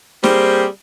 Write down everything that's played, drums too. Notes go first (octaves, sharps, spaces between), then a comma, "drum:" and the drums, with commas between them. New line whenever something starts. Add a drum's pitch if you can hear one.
G3 A#3 C4 G4 G#4 C5, drum: snare